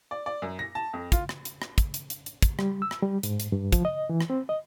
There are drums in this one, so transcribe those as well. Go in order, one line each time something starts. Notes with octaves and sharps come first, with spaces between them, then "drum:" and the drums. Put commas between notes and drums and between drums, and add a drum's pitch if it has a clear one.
D5
D5
F#2
A#6
A5
F2
F4, drum: kick, hi-hat
drum: rim click
drum: hi-hat
drum: rim click
drum: kick, hi-hat
drum: hi-hat
drum: hi-hat
drum: hi-hat
drum: kick, hi-hat
G3, drum: rim click
E6
drum: rim click
G3
G#2, drum: hi-hat
drum: hi-hat
G2
F3, drum: kick, hi-hat
D#5
E3
drum: rim click
C4
D#5